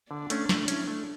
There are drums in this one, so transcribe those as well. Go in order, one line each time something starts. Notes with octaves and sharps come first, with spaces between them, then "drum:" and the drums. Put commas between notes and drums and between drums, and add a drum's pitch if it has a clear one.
D3 D4
A3 C#4, drum: hi-hat
A3, drum: snare
C#4 E4, drum: hi-hat
A3